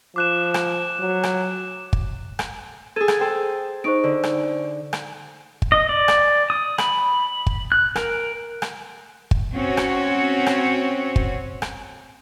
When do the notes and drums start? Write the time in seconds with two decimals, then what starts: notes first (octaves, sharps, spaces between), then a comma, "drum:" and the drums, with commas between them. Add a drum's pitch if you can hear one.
0.16 F3 D6 F#6 E7
0.54 drum: rim click
1.00 F#3
1.23 drum: rim click
1.93 drum: kick
2.39 drum: rim click
2.96 G#4 A4 G#6 D#7
3.08 drum: rim click
3.21 A4 C5 G5
3.84 D#4 C5 C#6 D7
4.04 D3
4.23 drum: rim click
4.93 drum: rim click
5.62 drum: kick
5.72 D#5
5.89 D5
6.08 drum: rim click
6.50 D#6
6.78 B5, drum: rim click
7.47 drum: kick
7.72 F#6
7.96 A#4, drum: rim click
8.62 drum: rim click
9.31 drum: kick
9.55 C4 C#4 F#4 C#5
9.77 drum: rim click
10.46 drum: rim click
11.16 drum: kick
11.62 drum: rim click